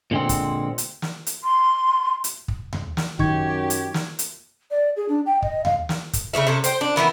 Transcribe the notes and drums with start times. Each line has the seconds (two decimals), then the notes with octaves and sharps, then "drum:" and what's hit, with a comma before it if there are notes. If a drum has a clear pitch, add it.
0.11 A#2 D3 G#3 C4
0.29 drum: kick, hi-hat
0.78 drum: hi-hat
1.02 drum: snare
1.27 drum: hi-hat
1.43 C6
2.24 drum: hi-hat
2.48 drum: kick
2.73 drum: tom D#2
2.97 drum: snare
3.19 F#2 D#3 D#4 G4 C#6 G#6, drum: kick
3.70 drum: hi-hat
3.94 drum: snare
4.19 drum: hi-hat
4.71 D5
4.96 G#4
5.09 D4
5.26 G5
5.42 D#5, drum: kick
5.65 F5, drum: tom D#2
5.89 drum: snare
6.13 drum: kick, hi-hat
6.33 C#3 B3 C#5 E5
6.47 C3 C#4 A4
6.64 C5 G5, drum: hi-hat
6.81 D4
6.96 D#3 E3 B3 E4